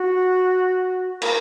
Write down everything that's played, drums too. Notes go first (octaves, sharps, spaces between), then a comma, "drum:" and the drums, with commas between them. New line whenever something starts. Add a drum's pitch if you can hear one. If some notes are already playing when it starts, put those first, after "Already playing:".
Already playing: F#4
A#4, drum: cymbal